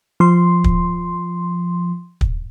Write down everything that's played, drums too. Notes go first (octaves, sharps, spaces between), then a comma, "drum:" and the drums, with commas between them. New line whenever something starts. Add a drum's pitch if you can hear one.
F3 C6
drum: kick
drum: kick